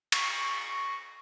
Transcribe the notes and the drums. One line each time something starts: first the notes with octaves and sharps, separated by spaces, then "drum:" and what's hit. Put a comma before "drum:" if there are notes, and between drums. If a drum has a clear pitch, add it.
C#6, drum: cymbal